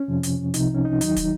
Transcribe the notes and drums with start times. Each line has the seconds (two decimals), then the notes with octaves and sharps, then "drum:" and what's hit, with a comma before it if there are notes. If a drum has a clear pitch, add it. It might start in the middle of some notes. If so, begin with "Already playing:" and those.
Already playing: C#4
0.08 F2 C3 F3
0.23 drum: hi-hat
0.54 C2 C3 F3 D#4, drum: hi-hat
0.74 C#4
0.85 D#4
1.01 D#2 D#3 F#3 D#4, drum: hi-hat
1.16 drum: kick, hi-hat